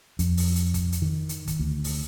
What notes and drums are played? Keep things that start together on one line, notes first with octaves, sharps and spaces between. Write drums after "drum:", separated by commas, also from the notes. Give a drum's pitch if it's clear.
F2, drum: hi-hat
drum: open hi-hat
drum: hi-hat
drum: kick, hi-hat
drum: hi-hat
D#3
drum: hi-hat
drum: kick, hi-hat
D2
drum: open hi-hat